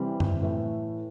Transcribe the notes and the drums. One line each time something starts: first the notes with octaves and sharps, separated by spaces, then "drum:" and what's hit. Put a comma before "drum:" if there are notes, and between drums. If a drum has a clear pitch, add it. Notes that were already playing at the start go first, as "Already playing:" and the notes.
Already playing: C3 E3 G3 C4
drum: tom F#2
A2 E3 A3